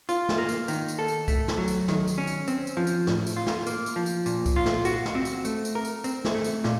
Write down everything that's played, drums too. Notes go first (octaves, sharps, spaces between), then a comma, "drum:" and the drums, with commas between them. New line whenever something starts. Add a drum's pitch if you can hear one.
F4, drum: tambourine
drum: snare
A#3
drum: tambourine
D#3, drum: tambourine
drum: tambourine
A4
drum: tambourine
A3, drum: kick C2, tambourine
drum: snare
F#3
drum: tambourine
D#3, drum: snare
drum: tambourine
C#4
drum: tambourine
C4, drum: tambourine
drum: tambourine
F3
drum: tambourine
A2, drum: snare
drum: tambourine
F4
drum: snare
A#3, drum: tambourine
drum: tambourine
F3
drum: tambourine
A#2, drum: tambourine
drum: kick C2, tambourine
F4
drum: snare
F#4, drum: tambourine
drum: snare
C4
drum: tambourine
A3, drum: tambourine
drum: tambourine
A#4
drum: tambourine
C4, drum: tambourine
drum: snare
A3
drum: tambourine
A#2, drum: snare